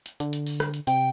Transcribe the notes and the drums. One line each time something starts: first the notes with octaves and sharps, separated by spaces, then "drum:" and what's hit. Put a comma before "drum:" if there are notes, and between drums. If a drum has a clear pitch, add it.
drum: hi-hat
D3, drum: hi-hat
drum: hi-hat
drum: open hi-hat
drum: rim click
drum: hi-hat
C3 G5, drum: hi-hat